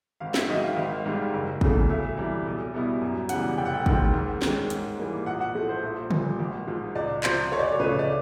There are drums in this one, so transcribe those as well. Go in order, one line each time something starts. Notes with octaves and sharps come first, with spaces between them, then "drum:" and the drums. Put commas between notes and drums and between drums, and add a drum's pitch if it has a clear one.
G#1 F5
E5, drum: snare
G#2 D#3 F#3 D#5
F5
G#1
G#2 D#3 G3
F#1
E2 C#3 E3 A3, drum: kick
D2 E5
C3 E3 G3
B1
B2 G3 B3 E4
F#2
C#3 E3 G3 B3 F#5, drum: hi-hat
F1 G5
F#5
G5
D#2 D#3 G#3 C4, drum: kick
G#2
D#3 G#3 C#4, drum: snare
G#2, drum: hi-hat
E3 G3 A#3
A#1 F#5
F#5
A2 F3 A3
C5
A#1
A#2 G3, drum: tom C#3
G#1
G#2 F3
C#2 D5
C3 F3 C5, drum: clap
D2 C#5
D5
C#5
C#3 F3 A3 D4 B4
D5